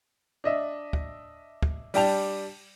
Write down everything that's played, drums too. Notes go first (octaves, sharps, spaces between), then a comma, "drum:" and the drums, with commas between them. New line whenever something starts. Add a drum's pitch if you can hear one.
D4 D#5 E5
drum: kick
drum: kick
G3 D4 G5 A5 F7, drum: open hi-hat